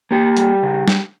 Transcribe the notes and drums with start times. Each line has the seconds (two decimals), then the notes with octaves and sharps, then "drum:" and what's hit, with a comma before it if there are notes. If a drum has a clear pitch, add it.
0.11 A#3 G4
0.37 G3, drum: hi-hat
0.63 C#3
0.88 drum: snare